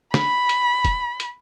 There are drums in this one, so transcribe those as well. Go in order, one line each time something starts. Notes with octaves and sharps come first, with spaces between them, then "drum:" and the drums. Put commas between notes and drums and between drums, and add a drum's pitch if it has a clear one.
B5, drum: snare
drum: hi-hat
drum: kick, hi-hat
drum: hi-hat